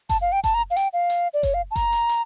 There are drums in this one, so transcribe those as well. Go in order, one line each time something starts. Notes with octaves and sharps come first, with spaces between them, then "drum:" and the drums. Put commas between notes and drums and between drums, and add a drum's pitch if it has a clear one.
A5, drum: kick F#1, hi-hat
F5
G5
A5, drum: kick F#1, hi-hat
A#5
F5
G5, drum: hi-hat
F5
drum: hi-hat
D5
C#5, drum: kick F#1, hi-hat
F5
A5
A#5, drum: kick F#1, hi-hat
drum: hi-hat
drum: hi-hat